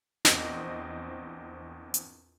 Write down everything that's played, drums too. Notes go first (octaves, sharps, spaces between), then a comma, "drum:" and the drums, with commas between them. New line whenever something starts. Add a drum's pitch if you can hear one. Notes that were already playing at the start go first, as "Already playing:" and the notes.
A#1 E2 C4 D#5, drum: snare
drum: hi-hat